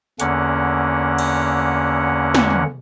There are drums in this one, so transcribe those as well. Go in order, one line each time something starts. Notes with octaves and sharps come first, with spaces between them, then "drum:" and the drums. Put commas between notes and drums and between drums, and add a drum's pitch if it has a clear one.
E2 D3 A#3 C#4 F#5, drum: hi-hat
drum: cymbal
drum: snare
drum: tom